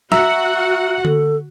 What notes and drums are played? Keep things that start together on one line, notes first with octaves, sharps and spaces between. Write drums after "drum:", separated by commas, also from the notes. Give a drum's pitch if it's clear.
F#4 E5 F#5 A#5 E6, drum: snare
A4, drum: tom D3